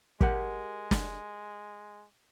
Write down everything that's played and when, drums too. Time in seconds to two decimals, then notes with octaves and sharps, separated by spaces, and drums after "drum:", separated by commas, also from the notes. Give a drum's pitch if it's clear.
0.21 G#3 G4 A#4 F#5, drum: kick
0.91 drum: snare